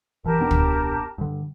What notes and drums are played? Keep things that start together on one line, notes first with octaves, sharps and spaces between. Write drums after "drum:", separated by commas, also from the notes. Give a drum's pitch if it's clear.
F#1 E3 G4 A#4 A5
E1 B3 D4
drum: kick
G2 D3